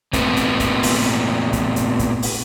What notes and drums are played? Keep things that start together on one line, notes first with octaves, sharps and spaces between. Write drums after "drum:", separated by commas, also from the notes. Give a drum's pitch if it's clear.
A#2 A3 B3 C4, drum: kick, hi-hat
drum: hi-hat
drum: kick, hi-hat
drum: open hi-hat
drum: kick, hi-hat
drum: hi-hat
drum: kick, hi-hat
drum: open hi-hat